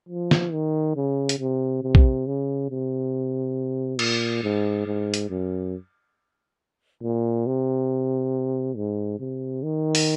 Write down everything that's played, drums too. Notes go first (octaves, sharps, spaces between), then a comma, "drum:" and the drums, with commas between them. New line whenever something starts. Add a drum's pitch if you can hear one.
F3
drum: snare
D#3
C#3
drum: hi-hat
C3
C3
drum: kick A#1
C#3
C3
A#2, drum: cymbal
G#2
G#2
drum: hi-hat
F#2
A#2
C3
G#2
C3
D#3
drum: open hi-hat